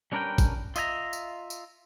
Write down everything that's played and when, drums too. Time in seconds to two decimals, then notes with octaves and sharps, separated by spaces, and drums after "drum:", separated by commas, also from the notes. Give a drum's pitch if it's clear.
0.12 G3 C#4 D4 A#4 B4 G5
0.38 drum: kick, tambourine
0.76 F4 D#5 E5 G#5 A#5, drum: tambourine
1.13 drum: tambourine
1.50 drum: tambourine